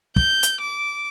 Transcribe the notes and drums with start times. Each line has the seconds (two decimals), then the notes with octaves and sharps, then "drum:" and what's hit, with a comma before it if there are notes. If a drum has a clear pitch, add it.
0.16 G6, drum: kick
0.43 drum: hi-hat
0.61 D6